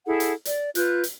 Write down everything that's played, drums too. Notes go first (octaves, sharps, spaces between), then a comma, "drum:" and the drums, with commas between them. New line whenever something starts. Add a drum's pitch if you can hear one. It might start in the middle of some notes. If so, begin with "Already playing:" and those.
E4 G#4 A4 F#5
drum: hi-hat
D5, drum: hi-hat
F4 B4 F#6 G6, drum: hi-hat
drum: hi-hat